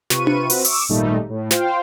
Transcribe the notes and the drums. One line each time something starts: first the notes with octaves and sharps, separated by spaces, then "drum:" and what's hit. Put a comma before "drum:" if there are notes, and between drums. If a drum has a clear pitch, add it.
C3 F4 B4 C#6 D#7, drum: snare
drum: tom D4
C4 F#4 B4 E5, drum: open hi-hat
C#6 D6 E6, drum: open hi-hat
G#1 A#2 G3 A3 D#4
A2
F4 C5 F5 G5, drum: snare